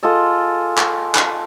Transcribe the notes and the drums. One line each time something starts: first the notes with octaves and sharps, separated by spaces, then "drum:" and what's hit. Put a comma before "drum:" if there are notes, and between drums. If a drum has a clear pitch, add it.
F4 G#4 A4 D#5
drum: clap
drum: clap